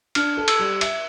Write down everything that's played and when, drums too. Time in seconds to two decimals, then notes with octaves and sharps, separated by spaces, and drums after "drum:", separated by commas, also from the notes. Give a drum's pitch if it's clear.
0.15 D4 F6, drum: cymbal
0.37 A4
0.48 E6, drum: cymbal
0.59 G3
0.81 E5, drum: cymbal